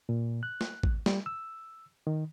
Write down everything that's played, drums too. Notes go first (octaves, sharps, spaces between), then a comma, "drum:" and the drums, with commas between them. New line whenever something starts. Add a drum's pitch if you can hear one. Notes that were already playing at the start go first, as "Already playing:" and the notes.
A#2
F#6
drum: snare
drum: kick
G3, drum: snare
E6
D#3